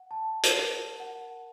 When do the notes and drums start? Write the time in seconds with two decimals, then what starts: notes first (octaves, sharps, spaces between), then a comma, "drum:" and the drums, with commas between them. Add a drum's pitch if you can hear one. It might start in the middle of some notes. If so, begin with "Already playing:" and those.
Already playing: F#5
0.11 A5
0.43 drum: hi-hat
0.55 A#4
1.00 F#5